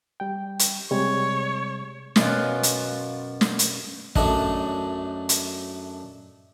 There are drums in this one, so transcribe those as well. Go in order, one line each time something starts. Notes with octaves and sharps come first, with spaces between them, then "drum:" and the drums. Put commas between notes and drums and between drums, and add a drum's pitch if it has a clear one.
G3 G5
drum: hi-hat
C3 G3 G#3 C#5
F#2 B2 B3 F4, drum: snare
drum: hi-hat
drum: snare
drum: hi-hat
F#2 A3 D4 D#5, drum: kick
drum: hi-hat